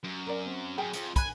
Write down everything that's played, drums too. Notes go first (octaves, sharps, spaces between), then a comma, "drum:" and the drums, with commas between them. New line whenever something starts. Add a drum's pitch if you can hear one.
F#2
A#4 D5
C4
F#2 G#4 G5 G#5
F2, drum: hi-hat
G#5 B5 F#6, drum: kick, hi-hat